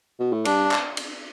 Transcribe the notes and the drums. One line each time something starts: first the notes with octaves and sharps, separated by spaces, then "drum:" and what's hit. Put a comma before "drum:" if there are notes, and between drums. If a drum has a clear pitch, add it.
B2
A2
G2 D4, drum: cymbal
drum: clap
drum: cymbal